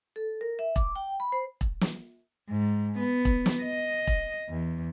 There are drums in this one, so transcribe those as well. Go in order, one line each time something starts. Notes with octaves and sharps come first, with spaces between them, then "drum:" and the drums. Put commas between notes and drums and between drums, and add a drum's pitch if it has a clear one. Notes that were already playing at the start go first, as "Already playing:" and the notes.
A4
A#4
E5
D6, drum: kick E1
G5
B5
C5
drum: kick E1
drum: snare
G#2
B3
drum: kick E1
drum: snare
D#5
drum: kick E1
E2